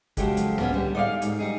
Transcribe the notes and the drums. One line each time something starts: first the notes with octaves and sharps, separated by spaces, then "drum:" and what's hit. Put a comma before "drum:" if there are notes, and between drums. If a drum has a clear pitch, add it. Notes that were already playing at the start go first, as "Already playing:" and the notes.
C#3 F3 F#3 G#3 G4 A4, drum: kick, hi-hat
drum: hi-hat
A#3 B3 C#4, drum: tom
D3 G3
D#4 G#4 D5 E5 F5
G#2, drum: hi-hat
G3 D#4 G#4